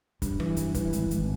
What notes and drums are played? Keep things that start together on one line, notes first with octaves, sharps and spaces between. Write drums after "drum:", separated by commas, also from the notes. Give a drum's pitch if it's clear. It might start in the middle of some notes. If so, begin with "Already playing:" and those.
G2, drum: kick, hi-hat
E3, drum: rim click
G2, drum: hi-hat
E3, drum: kick, hi-hat
G#1, drum: hi-hat
G#1, drum: hi-hat